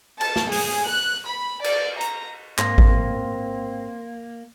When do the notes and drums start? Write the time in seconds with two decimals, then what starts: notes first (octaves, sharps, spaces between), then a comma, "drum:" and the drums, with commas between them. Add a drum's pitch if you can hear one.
0.21 A5, drum: cymbal
0.36 drum: snare
0.52 G#4, drum: open hi-hat
0.88 F#6
1.29 B5
1.64 D5, drum: cymbal
2.01 A#5, drum: hi-hat
2.58 G#2 A#3 C4 C6 A#6, drum: clap
2.78 drum: kick G#1